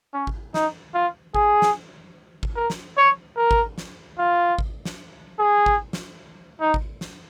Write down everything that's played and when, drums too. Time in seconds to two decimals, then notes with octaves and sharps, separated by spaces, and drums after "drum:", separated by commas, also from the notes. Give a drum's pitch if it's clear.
0.14 C#4
0.27 drum: kick G#1
0.54 D#4, drum: snare
0.94 F4
1.34 G#4, drum: kick G#1
1.62 drum: snare
2.43 drum: kick G#1
2.56 A#4
2.70 drum: snare
2.97 C#5
3.37 A#4
3.51 drum: kick G#1
3.78 drum: snare
4.18 F4
4.59 drum: kick G#1
4.85 drum: snare
5.39 G#4
5.66 drum: kick G#1
5.93 drum: snare
6.61 D#4
6.74 drum: kick G#1
7.01 drum: snare